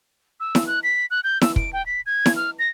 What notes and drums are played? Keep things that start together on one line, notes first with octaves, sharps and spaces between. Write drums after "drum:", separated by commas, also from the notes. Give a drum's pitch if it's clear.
E6
drum: snare E4
F#6
B6
F#6
G6
E6, drum: snare E4
D7, drum: kick
G5
B6
G#6
drum: snare E4
F6
A#6